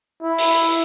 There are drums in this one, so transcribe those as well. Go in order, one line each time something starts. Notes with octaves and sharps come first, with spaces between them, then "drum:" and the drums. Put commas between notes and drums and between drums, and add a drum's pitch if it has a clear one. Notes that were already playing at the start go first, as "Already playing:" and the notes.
E4
drum: open hi-hat